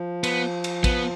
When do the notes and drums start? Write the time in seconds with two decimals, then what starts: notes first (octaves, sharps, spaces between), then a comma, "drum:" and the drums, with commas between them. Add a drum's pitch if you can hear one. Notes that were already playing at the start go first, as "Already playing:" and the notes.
Already playing: F3
0.24 B3, drum: cymbal
0.64 drum: cymbal
0.84 B3, drum: kick A1, cymbal